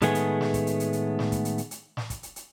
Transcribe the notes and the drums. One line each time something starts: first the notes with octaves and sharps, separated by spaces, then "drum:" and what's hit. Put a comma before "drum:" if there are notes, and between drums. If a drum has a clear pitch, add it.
A2 D#3 G#3 A3 B3 G#4, drum: hi-hat
drum: hi-hat
drum: snare
drum: kick, hi-hat
drum: hi-hat
drum: hi-hat
drum: hi-hat
drum: snare
drum: kick, hi-hat
drum: hi-hat
drum: hi-hat
drum: hi-hat
drum: snare
drum: kick, hi-hat
drum: hi-hat
drum: hi-hat